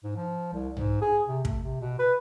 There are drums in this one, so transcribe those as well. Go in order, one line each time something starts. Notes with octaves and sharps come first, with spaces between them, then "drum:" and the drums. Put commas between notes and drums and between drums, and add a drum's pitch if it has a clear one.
G#2
F3
C2
G#2, drum: tom B1
G#4
C3
A3, drum: kick
C3
B2
B4